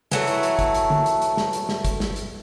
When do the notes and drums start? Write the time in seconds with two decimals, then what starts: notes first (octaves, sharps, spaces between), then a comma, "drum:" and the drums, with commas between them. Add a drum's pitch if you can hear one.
0.12 E3 F#3 A3, drum: snare
0.27 drum: hi-hat
0.43 drum: hi-hat
0.59 drum: kick, hi-hat
0.74 drum: hi-hat
0.90 drum: tom D3
1.06 drum: hi-hat
1.22 drum: hi-hat
1.37 drum: snare
1.53 drum: hi-hat
1.69 drum: snare
1.85 drum: kick, hi-hat
2.00 drum: snare
2.16 drum: hi-hat